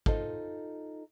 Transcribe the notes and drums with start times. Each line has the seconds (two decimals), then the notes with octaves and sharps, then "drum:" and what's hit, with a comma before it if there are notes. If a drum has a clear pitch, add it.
0.06 D#4 F4 A4 C5 D#5, drum: kick